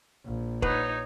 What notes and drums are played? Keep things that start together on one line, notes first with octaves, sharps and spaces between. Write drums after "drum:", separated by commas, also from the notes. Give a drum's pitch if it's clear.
A#1
D#4 B4 C#5, drum: kick